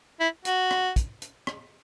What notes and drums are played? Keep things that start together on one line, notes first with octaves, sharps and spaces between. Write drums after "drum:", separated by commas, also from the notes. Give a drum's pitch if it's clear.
E4
F#4, drum: hi-hat
drum: rim click
drum: kick, hi-hat
drum: hi-hat
drum: rim click